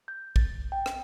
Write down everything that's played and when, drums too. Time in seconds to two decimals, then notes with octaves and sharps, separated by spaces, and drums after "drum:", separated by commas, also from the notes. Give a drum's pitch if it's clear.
0.08 G6
0.36 A6, drum: kick
0.72 G5
0.86 drum: rim click